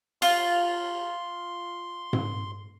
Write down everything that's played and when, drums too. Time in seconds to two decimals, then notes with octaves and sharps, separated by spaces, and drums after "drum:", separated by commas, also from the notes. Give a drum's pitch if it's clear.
0.22 F4 C6, drum: cymbal
2.13 drum: tom G#2